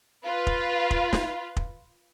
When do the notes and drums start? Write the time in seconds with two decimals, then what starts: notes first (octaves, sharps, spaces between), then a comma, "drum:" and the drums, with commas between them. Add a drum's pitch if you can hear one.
0.25 F4 B4
0.47 drum: kick
0.91 drum: kick
1.13 drum: snare
1.57 drum: kick